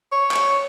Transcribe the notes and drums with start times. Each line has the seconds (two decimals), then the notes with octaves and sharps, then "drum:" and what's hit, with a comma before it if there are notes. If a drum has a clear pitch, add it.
0.12 C#5
0.31 drum: clap